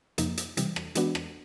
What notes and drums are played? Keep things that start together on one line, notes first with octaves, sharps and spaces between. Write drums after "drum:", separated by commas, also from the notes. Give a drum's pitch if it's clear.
F2 C3 F3 A#3 D#4, drum: hi-hat
drum: hi-hat
C3 E3 G3, drum: hi-hat
drum: rim click
E3 G#3 B3 D4 F#4, drum: hi-hat
drum: rim click